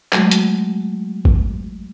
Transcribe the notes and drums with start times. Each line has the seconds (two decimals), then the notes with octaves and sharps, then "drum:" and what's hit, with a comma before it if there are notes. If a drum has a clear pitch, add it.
0.13 F#3 G#3 A3 F#4, drum: clap
0.31 drum: hi-hat
1.25 drum: kick G1